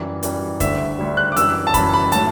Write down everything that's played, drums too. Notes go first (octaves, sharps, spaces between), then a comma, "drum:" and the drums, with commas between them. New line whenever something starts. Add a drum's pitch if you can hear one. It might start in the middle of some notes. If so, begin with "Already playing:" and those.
Already playing: F#2 E3 G3
F#2 E3 G3, drum: hi-hat
D2 D3 G3 E5, drum: kick, hi-hat
D2 D3 G3
F#6
D6
F#2 E3 G3 E6, drum: hi-hat
A5
F#2 E3 G3 B5, drum: kick, hi-hat
B5
A2 F#3 A5, drum: hi-hat